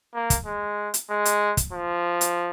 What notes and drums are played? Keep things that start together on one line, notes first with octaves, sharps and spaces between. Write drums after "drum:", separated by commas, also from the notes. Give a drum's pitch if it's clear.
A#3
drum: kick, hi-hat
G#3
drum: hi-hat
G#3
drum: hi-hat
drum: kick, hi-hat
F3
drum: hi-hat